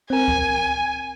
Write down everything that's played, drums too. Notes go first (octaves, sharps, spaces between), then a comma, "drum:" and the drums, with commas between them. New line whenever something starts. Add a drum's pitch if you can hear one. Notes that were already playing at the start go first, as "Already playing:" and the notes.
C4 A#4 G#5
drum: kick C#2